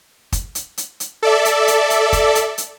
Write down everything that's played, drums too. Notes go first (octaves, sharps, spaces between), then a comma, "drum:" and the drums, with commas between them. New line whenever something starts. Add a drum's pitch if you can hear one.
drum: kick, hi-hat
drum: hi-hat
drum: hi-hat
drum: hi-hat
A4 D5 E5
drum: hi-hat
drum: hi-hat
drum: hi-hat
drum: kick, hi-hat
drum: hi-hat
drum: hi-hat